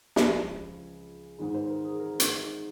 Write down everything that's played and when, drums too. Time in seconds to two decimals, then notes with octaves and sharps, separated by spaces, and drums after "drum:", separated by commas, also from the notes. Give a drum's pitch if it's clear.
0.16 C#2 C#3 F3 G#5, drum: snare
1.38 G#2 D#3 G#3
1.54 C5
1.70 A#4
1.84 G#4
1.99 A#4
2.20 drum: hi-hat